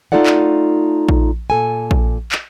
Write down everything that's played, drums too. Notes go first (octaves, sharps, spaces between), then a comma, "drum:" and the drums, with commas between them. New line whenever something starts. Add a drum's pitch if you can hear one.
A3 D#4 F4 A4 D5 F#5
drum: clap
drum: kick A#1
A#2 A4 G#5
drum: kick A#1
drum: clap